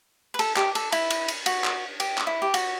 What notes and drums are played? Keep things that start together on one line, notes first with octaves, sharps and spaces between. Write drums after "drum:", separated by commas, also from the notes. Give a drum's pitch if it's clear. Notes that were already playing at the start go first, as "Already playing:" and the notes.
B4
A4, drum: cymbal
G4, drum: clap
A4, drum: cymbal
E4, drum: cymbal
drum: cymbal
drum: cymbal
F#4, drum: cymbal
drum: clap
G4, drum: cymbal
drum: clap
E4
G4
F#4, drum: cymbal